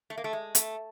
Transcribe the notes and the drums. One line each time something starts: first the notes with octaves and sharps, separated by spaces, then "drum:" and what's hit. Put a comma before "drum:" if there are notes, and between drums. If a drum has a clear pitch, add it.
A3
A#3
A3
G#3
A3, drum: hi-hat